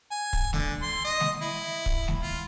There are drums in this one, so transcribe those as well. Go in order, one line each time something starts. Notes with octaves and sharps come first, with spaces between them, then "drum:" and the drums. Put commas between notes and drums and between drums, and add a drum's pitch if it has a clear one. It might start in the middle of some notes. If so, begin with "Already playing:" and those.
G#5
drum: kick
D3, drum: snare G#3
C6
D#5
drum: snare G#3
E4
drum: kick
drum: snare G#3
F4